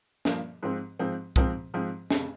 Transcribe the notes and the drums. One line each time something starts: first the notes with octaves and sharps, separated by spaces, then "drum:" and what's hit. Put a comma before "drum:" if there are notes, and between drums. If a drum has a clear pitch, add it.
G2 F3 A#3, drum: snare
G#2 F3 C4
G#2 F3 C4
G#2 F3 C4, drum: kick
G#2 F3 C4
F1 F2 C#3, drum: snare